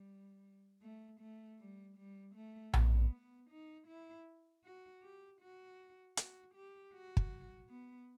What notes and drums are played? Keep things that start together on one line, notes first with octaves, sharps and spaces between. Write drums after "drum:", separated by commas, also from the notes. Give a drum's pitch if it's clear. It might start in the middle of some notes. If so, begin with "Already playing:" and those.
Already playing: G3
A3
A3
G3
G3
A3
B3, drum: tom A#1
B3
D#4
E4
F#4
G4
F#4
F#4, drum: hi-hat
G4
F#4
drum: kick
B3